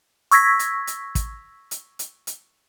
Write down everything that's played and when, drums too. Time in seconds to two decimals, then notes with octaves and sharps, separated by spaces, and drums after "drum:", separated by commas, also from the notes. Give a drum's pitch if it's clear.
0.31 C#6 E6 G#6 A#6 B6, drum: hi-hat
0.59 drum: hi-hat
0.87 drum: hi-hat
1.15 drum: kick, hi-hat
1.71 drum: hi-hat
1.99 drum: hi-hat
2.27 drum: hi-hat